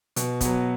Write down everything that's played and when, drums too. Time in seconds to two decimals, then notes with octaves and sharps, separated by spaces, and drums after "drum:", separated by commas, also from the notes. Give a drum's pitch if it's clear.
0.16 B2, drum: hi-hat
0.41 F#3 B3, drum: kick, hi-hat